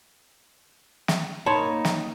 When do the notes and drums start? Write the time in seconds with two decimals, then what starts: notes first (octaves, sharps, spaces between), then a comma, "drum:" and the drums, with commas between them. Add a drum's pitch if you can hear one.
1.08 drum: snare
1.46 A#3 D#4 C#5 A5 B5 C6 G#6
1.85 drum: snare